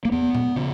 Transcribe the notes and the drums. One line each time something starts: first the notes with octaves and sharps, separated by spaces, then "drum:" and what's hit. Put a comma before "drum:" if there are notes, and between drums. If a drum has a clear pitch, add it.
A#3
E2 B3
drum: tom A#2
C#3